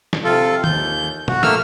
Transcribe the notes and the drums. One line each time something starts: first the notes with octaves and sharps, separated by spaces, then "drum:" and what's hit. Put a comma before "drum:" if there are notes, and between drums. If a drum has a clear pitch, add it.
drum: snare
C3 F4 A4
D#2 G6, drum: tom D#3
F#4, drum: tom A#2
A3 A#3 E6 F6, drum: snare